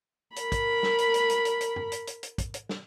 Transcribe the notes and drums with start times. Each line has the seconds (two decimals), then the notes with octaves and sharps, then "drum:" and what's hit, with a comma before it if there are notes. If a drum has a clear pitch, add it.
0.36 A#4 B5, drum: hi-hat
0.52 drum: kick, hi-hat
0.83 drum: snare
0.98 drum: hi-hat
1.14 drum: hi-hat
1.30 drum: hi-hat
1.45 drum: hi-hat
1.61 drum: hi-hat
1.76 drum: tom F#2
1.92 drum: hi-hat
2.07 drum: hi-hat
2.23 drum: hi-hat
2.38 drum: kick, hi-hat
2.54 drum: hi-hat
2.69 drum: snare